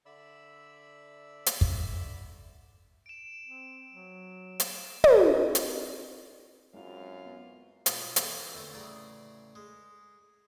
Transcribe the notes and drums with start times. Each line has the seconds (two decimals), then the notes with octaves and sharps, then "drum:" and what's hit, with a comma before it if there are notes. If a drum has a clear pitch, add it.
0.06 D3 D5 E5 B5 E6
1.46 drum: hi-hat
1.61 drum: kick
3.06 D7 E7
3.45 C4
3.91 F#3
4.60 drum: hi-hat
5.04 drum: tom
5.24 C4
5.55 drum: hi-hat
6.74 F#2 G#3 C4 E4 F4 F5
7.26 B3
7.86 G#2 B2 F4 B4 C6 D#6, drum: hi-hat
8.16 E3 A#3 C4 E4 G4 A4, drum: hi-hat
8.54 D3 A3 C#4 C5
8.73 A1 C#3 D5 A#5 D#6
9.55 G#3